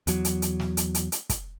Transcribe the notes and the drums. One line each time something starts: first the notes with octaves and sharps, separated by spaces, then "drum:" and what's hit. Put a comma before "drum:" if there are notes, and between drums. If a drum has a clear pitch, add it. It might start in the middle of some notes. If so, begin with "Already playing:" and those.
E2 F#3, drum: hi-hat
drum: hi-hat
drum: hi-hat
drum: snare
drum: hi-hat
drum: hi-hat
drum: hi-hat
drum: kick, hi-hat